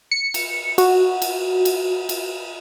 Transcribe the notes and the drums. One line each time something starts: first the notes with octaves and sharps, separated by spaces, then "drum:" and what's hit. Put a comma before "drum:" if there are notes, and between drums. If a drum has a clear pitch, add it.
C#7
drum: cymbal
F#4, drum: cymbal
drum: cymbal
drum: cymbal
drum: cymbal